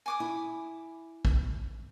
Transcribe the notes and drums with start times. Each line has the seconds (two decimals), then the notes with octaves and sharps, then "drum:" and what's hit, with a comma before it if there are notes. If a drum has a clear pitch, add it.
0.06 G#5 D6 D#6
0.20 E4
1.25 drum: kick